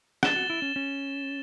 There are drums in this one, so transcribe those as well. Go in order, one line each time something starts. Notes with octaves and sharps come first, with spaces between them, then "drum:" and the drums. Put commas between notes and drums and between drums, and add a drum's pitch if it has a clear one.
D4 A6 E7 G7, drum: rim click
F#4
E4
C#4
C#4